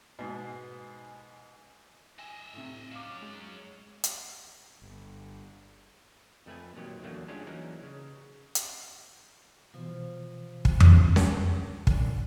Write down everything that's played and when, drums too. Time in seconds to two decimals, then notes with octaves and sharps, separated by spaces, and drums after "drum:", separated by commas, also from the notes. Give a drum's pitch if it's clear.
0.19 G#2 B2 G#5
2.19 D#5 E5 G#5
2.53 A2 C3
2.92 F#3 C#4 F5 D6
3.22 G#3
4.04 drum: hi-hat
4.82 G1
6.46 F2 A3 B4 G#5
6.75 A#2 D#3 F#3 G4
7.02 E2 D3 F#3 A3 A#3
7.28 G3 G#3 C#4 D4 F4 G4
7.47 E3 F#3 A#3 C#4 D#4 A#4
7.83 C#3
8.55 drum: hi-hat
9.74 B2 E3 F3
10.65 drum: kick
10.80 C#2 D4, drum: tom F2
11.16 drum: snare C#4
11.87 A#2 D3 C#4, drum: kick